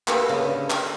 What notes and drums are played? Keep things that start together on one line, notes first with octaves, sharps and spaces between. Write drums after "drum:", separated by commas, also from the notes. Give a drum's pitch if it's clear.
A#3 B3 G4 A4 A#4 E5, drum: clap
C#3 B3
D3
drum: clap